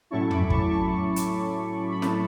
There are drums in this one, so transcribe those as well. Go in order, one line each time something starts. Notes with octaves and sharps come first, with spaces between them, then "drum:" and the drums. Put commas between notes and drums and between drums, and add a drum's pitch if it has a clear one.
A2 F#3 A3 C#4 E4 A5 C#6
B5 D6, drum: tom
A5 C#6, drum: kick
A5 C#6
drum: hi-hat
B5
A5, drum: snare